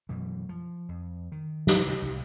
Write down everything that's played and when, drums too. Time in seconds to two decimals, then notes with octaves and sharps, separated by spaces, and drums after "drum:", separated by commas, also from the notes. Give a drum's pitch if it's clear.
0.09 F#2 B2 E3
0.49 F3
0.89 F2
1.32 D#3
1.67 drum: snare
1.82 C#3
2.02 C2